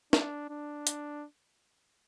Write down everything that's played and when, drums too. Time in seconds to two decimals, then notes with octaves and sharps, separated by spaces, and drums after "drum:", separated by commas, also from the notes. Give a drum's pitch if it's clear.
0.13 D4, drum: snare
0.50 D4
0.87 drum: hi-hat